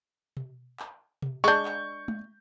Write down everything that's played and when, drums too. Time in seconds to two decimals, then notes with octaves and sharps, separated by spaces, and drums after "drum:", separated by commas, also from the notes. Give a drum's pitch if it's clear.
0.37 drum: tom B2
0.80 drum: clap
1.22 drum: tom B2
1.44 G#3 D4 C#6 G6
1.65 drum: clap
2.08 drum: tom G#3